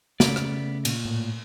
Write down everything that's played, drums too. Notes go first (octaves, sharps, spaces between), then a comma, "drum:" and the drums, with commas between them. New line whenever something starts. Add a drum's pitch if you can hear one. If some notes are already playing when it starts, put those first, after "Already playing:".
C#3 A3 B3 D5, drum: snare
drum: rim click
A#2, drum: cymbal
A2